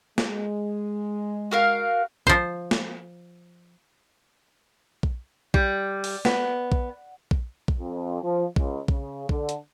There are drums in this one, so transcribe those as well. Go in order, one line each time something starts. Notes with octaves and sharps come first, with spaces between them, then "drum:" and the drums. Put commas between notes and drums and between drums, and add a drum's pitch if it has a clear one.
G#3, drum: snare
F#4 A#4 F5
F3 C5, drum: kick A#1
drum: snare
drum: kick A#1
G3, drum: kick A#1
drum: open hi-hat
B3, drum: snare
drum: kick A#1
drum: kick A#1
drum: kick A#1
F2
F3
C#2, drum: kick A#1
C#3, drum: kick A#1
D3, drum: kick A#1
drum: hi-hat